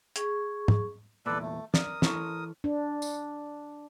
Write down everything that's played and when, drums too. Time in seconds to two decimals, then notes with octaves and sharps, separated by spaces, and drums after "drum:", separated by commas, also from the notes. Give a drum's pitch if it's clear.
0.16 G#4 C#6, drum: hi-hat
0.68 drum: tom
1.26 E2 A#2 A4 B4 D5
1.42 A3
1.74 A#4 D5 D#6, drum: snare
2.02 E3 A4 C#5, drum: snare
2.64 D4
3.02 drum: tambourine